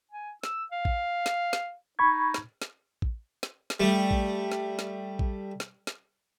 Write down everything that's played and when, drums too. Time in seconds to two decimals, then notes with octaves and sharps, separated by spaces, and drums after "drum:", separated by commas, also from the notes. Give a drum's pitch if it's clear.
0.11 G#5
0.43 E6, drum: snare
0.72 F5
0.85 drum: kick A1
1.26 drum: snare
1.53 drum: snare
1.99 D#4 B5 C#6 G#6
2.34 drum: snare
2.62 drum: snare
3.02 drum: kick A1
3.43 drum: snare
3.70 drum: snare
3.80 G3 A3
4.11 drum: kick A1
4.52 drum: snare
4.79 drum: snare
5.19 drum: kick A1
5.60 drum: snare
5.87 drum: snare